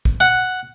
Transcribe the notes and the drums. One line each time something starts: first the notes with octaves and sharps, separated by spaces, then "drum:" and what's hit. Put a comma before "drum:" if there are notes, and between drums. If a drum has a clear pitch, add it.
drum: kick
F#5